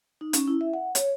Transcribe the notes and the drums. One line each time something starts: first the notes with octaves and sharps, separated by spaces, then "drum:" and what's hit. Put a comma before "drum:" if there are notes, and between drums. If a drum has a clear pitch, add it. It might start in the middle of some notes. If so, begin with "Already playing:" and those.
D#4
C#4, drum: hi-hat
E4
E5
F#5
C#5, drum: hi-hat